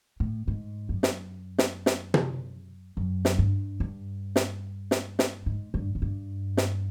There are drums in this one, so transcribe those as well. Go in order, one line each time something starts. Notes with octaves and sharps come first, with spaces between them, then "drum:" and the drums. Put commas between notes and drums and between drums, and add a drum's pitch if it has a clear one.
A2
G#2
F#2
drum: snare
drum: snare
drum: snare
drum: tom
F#2
drum: snare
G2
G2
drum: snare
drum: snare
drum: snare
G#2
G2
G#2
G2
drum: snare